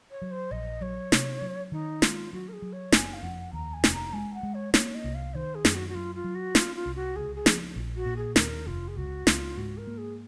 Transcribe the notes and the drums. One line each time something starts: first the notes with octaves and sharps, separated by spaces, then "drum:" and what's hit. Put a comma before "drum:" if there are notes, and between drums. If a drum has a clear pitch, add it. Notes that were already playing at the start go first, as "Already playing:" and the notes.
C#5
F#3
C5
A#1 D#5
F#3 C#5
C3, drum: snare
F#3
D#3 D#4
G#3 F4, drum: snare
F#3 F#4
A#4
G#4
F#3
C#5
F#1 G#5, drum: snare
F5
F2 F#5
D#2 A#5
G#5
F1, drum: snare
A#5
G#3 G#5
F#5
G#3
C#5
A#3 C#5, drum: snare
D#5
C2
F5
D#3 C5
G#4
F#2, drum: snare
F#4
F#4
F#3 F4
F4
F#3
F#4
C#4 F4, drum: snare
F4
C2
F#4
C#2 G#4
G#4
F3, drum: snare
A#1
F#4
A#2
G#4
D#2 A#4, drum: snare
F1 F4
G#4
C#2 F#4
C#2 F4, drum: snare
G#2 F#4
A#4
A#3
G#4